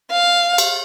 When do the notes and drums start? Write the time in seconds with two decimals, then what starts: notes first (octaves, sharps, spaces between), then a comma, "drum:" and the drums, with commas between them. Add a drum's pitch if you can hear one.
0.11 F5
0.58 drum: cymbal